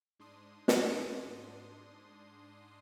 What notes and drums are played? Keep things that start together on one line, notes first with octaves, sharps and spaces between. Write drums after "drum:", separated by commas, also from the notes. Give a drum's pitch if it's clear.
G#2 D4 C6 D#6
drum: snare